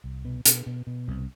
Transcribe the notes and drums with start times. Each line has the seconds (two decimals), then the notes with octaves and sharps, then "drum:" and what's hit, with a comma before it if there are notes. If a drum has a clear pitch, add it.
0.04 C2
0.25 B2
0.45 B2, drum: hi-hat
0.66 B2
0.87 B2
1.08 C2